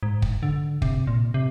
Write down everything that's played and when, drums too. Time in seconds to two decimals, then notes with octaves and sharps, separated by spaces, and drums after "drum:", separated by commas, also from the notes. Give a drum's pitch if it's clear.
0.03 G#2
0.22 drum: kick
0.43 D3
0.82 C3, drum: kick
1.07 A#2
1.34 C3